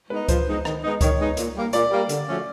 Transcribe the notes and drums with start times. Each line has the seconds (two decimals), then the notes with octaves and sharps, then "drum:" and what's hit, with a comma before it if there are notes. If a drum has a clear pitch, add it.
0.10 G#3 B3 D#4 B4
0.28 F3 C5, drum: kick C#2, hi-hat
0.47 G#3 B3 D#4
0.65 D#3, drum: rim click
0.83 G#3 B3 D#4
1.01 D#3 C#5, drum: kick C#2, hi-hat
1.19 G#3 B3 D#4
1.37 A#2, drum: hi-hat
1.55 G3 A#3
1.73 A#2 D5, drum: hi-hat
1.91 G3 A#3
2.09 D3, drum: hi-hat
2.27 F3 A3 C#4 F#4